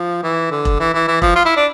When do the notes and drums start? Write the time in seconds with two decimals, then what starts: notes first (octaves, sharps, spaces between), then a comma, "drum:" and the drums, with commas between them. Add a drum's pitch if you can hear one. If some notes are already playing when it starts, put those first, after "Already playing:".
Already playing: F3
0.23 E3
0.51 D3
0.65 drum: kick E1
0.80 E3
0.94 E3
1.08 E3
1.22 F3, drum: kick E1
1.36 F4
1.45 E4
1.57 D4